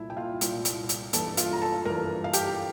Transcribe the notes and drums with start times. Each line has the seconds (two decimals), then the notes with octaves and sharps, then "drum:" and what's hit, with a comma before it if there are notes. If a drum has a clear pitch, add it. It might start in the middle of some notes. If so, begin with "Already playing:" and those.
Already playing: C2 A#2 E4 E5
0.10 G5
0.17 F4 F5
0.41 C2 A#2, drum: hi-hat
0.65 drum: hi-hat
0.89 drum: hi-hat
1.13 G2 E3 A4 A5, drum: hi-hat
1.37 F4 F5, drum: hi-hat
1.53 A#5
1.62 A4 A5
1.85 G2 E3 A#4 A#5
2.24 F5
2.33 G4 G5, drum: hi-hat